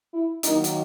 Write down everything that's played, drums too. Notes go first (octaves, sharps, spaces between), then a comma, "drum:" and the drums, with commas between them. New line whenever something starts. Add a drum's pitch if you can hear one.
E4
D#3 F#3 A#3 D#4, drum: hi-hat
drum: hi-hat